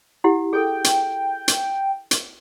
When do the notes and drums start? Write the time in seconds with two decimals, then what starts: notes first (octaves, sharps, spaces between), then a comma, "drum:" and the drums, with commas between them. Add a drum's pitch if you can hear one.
0.24 E4 G4 F#5
0.53 G#4 A4 G5
0.84 drum: hi-hat
1.48 drum: hi-hat
2.11 drum: hi-hat